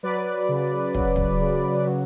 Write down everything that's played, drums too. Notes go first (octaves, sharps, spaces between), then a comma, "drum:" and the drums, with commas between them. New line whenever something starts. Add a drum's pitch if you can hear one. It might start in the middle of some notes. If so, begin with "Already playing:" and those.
F#3 B4 D5
C#3
F#3, drum: kick
drum: kick
C#3
F#3